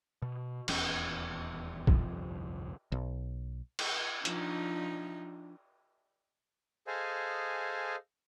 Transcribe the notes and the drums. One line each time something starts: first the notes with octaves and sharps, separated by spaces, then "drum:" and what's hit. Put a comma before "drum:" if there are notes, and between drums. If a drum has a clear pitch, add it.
B2
D#1 E2 C#4, drum: cymbal
G1 C2 F2 F3, drum: kick
B1
drum: cymbal
F3 D4 D#4, drum: hi-hat
G#4 A4 C5 D#5 F5 G#5